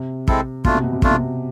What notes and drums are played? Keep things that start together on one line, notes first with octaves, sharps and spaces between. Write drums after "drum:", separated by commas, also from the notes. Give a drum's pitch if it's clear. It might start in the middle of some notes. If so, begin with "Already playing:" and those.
Already playing: C3
G#3 C4 E4 A4, drum: kick
B2 A3 D4 F4, drum: kick
C3
B2
C3
B2 A3 D4 F4, drum: kick
C3
B2